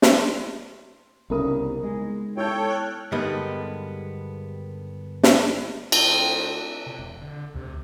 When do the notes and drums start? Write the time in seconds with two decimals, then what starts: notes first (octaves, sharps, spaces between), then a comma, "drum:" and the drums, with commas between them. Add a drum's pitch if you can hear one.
0.02 C6, drum: snare
1.30 C2 C#3 B3 D#4 A#4 D#6
1.83 G#3
2.37 E4 A4 C#5 G5 G6
2.69 F6 F#6 G#6
3.12 G2 D3 D#3 G#3 B3
5.23 drum: snare
5.92 D2 C4 G5, drum: cymbal
6.86 C3
6.98 E1
7.21 D3
7.54 D2 C3